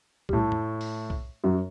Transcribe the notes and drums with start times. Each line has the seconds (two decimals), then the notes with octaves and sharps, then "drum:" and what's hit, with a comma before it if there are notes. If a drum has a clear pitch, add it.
0.29 G3, drum: kick B1
0.33 A2 A3
0.52 drum: tom
0.81 drum: open hi-hat
1.10 drum: kick B1
1.44 F#2 F#3